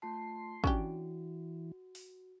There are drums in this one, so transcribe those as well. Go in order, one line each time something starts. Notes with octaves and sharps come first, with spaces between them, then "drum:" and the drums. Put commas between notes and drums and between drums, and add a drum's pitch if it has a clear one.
A3 F4 A5 C6
E3 C#4 D4 F#4 G4, drum: kick
drum: open hi-hat